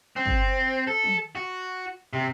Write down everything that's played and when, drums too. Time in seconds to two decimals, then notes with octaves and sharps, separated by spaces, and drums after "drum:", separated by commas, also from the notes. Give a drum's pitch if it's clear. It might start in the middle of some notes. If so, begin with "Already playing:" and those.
0.16 C4
0.25 drum: kick
0.87 A4
1.04 drum: tom
1.35 F#4
2.13 C3